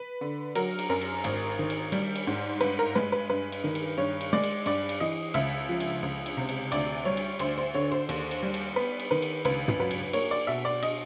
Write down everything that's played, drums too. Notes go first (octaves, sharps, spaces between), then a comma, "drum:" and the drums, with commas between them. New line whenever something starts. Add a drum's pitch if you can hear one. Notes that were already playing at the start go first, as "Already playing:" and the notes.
Already playing: B4
D3
F#3 A#4, drum: cymbal
drum: cymbal
F#2 A#4
drum: cymbal
G#1, drum: cymbal
D#3
drum: cymbal
G3, drum: cymbal
drum: cymbal
G#2
G2 B4, drum: cymbal
A#4
G#3 B4
B4
G2 B4
drum: cymbal
D#3
drum: cymbal
G2 C#5
drum: cymbal
G#3 D5
drum: cymbal
G2 D5, drum: cymbal
drum: cymbal
E3 D#5
C#2 E5, drum: cymbal
F3
drum: cymbal
C#2
drum: cymbal
C3
drum: cymbal
D2 D5, drum: cymbal
G3 C#5
drum: cymbal
D2 C5, drum: cymbal
C5
D3 C#5
C5
D#2, drum: cymbal
drum: cymbal
G3
drum: cymbal
B3 B4
drum: cymbal
D#3 B4
drum: cymbal
C#2 B4, drum: cymbal
drum: tom
F#3 B4
drum: cymbal
A#3 C#5, drum: cymbal
D5
B2 E5
D5
D#5, drum: cymbal